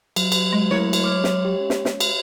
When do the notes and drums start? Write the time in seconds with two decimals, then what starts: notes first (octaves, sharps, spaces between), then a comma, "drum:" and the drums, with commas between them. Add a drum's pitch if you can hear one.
0.16 F#3, drum: cymbal
0.32 drum: cymbal
0.53 G#3
0.71 A3 E4 A#4 C#5
0.93 drum: cymbal
1.02 C6 D6 F6
1.24 drum: snare
1.45 G4
1.60 C#4
1.70 drum: snare
1.85 drum: snare
2.00 drum: cymbal